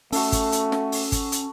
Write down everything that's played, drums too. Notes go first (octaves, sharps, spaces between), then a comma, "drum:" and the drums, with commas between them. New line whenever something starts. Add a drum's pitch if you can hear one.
A3 C#4 F#4 A4, drum: open hi-hat
drum: kick, hi-hat
drum: hi-hat
drum: snare
drum: open hi-hat
drum: kick, hi-hat
drum: hi-hat